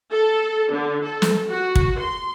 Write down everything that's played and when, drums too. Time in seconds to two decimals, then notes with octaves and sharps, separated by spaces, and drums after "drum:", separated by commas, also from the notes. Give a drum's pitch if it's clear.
0.12 A4
0.71 D3
1.04 A4
1.22 drum: snare
1.49 F#4
1.75 drum: kick
1.99 C6